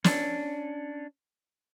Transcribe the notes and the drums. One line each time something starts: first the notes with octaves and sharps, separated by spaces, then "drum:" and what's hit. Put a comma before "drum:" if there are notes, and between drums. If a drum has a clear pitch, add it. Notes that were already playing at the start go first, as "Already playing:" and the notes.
C#4 D4, drum: snare